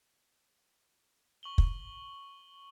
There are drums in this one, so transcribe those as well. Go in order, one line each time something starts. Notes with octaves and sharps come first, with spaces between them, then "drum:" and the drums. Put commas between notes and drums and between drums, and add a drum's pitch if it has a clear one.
C#6 F#7 G7
drum: kick